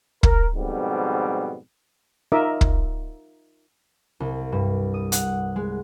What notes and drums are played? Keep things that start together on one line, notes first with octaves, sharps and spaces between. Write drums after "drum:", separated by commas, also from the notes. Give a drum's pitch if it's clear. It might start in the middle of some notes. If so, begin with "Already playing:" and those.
A#4, drum: kick
F2 G#2 B2 G3
D#4 F4 A#4 D#5 E5 D6
drum: kick
C2
G2
D#6
F#5, drum: hi-hat
G#3